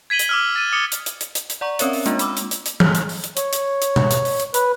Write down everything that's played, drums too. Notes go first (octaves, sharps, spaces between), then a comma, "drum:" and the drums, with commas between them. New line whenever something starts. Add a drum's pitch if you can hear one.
G#6 B6 D#7 F#7 G7
drum: hi-hat
D6 E6 F6
A6 D#7
D6 D#6 C#7 G7
drum: hi-hat
drum: hi-hat
drum: hi-hat
drum: hi-hat
drum: hi-hat
D5 F#5 A#5 C#6
C4 C#4 A#4 C#5 E5, drum: hi-hat
drum: open hi-hat
G#3 A#3 D4 F4, drum: hi-hat
B5 D6 E6, drum: hi-hat
drum: hi-hat
drum: hi-hat
drum: hi-hat
drum: tom
drum: hi-hat
drum: open hi-hat
drum: hi-hat
C#5, drum: hi-hat
drum: hi-hat
drum: hi-hat
drum: tom
drum: hi-hat
drum: open hi-hat
drum: hi-hat
B4, drum: hi-hat